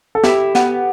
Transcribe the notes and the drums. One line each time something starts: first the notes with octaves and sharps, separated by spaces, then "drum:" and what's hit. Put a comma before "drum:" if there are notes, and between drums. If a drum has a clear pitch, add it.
A4
E4 G4, drum: snare
B3, drum: snare